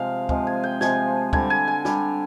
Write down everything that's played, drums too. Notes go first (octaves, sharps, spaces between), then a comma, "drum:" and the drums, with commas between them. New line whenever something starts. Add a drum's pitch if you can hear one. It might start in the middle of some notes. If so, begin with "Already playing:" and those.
Already playing: C3 F3 G#3 F5
C3 F3 G#3, drum: kick
G#5
G5
C3 F3 G#3 G#5, drum: snare
D3 G3 G#5, drum: kick
G#5
G#5
D3 G3, drum: snare